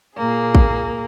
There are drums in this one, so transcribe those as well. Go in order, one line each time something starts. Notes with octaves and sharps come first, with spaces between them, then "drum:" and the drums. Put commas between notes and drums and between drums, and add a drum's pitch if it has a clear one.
A#2 A#3 G#4
drum: kick